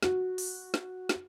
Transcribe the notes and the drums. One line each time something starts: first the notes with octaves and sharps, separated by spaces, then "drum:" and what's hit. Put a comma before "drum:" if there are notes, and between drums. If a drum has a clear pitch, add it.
F#4, drum: snare
drum: open hi-hat
drum: snare
drum: snare